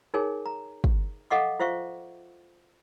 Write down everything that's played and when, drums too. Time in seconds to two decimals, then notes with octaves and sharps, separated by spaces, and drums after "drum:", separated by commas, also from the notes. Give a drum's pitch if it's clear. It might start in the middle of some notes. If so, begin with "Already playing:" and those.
0.14 D#4 G#4 A#4 C#5 G#5
0.46 A#5
0.84 drum: kick
1.30 A4 D#5 F5 F#5 C#6 D6
1.59 F4 C5 E5 F5 C#6